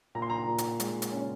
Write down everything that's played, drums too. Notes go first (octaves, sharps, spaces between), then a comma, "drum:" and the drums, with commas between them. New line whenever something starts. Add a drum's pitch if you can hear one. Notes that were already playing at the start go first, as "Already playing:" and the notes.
A#2 A#5
C6
A#5
A#2
drum: hi-hat
G#3, drum: hi-hat
drum: hi-hat
C#4